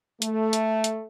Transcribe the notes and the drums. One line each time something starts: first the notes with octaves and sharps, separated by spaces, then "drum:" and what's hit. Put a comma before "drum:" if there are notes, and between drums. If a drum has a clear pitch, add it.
A3, drum: hi-hat
drum: hi-hat
drum: hi-hat